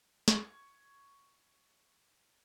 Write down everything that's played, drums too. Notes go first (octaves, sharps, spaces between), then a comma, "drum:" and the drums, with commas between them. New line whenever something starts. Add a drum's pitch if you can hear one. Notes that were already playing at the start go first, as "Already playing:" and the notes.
C#6 G#6, drum: snare